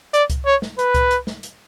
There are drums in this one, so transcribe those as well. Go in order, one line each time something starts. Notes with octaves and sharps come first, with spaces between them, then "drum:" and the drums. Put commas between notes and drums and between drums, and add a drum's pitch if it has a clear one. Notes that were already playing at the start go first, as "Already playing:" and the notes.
D5, drum: hi-hat
drum: kick C2, hi-hat
C#5
drum: snare
B4, drum: hi-hat
drum: kick C2, hi-hat
drum: hi-hat
drum: snare
drum: hi-hat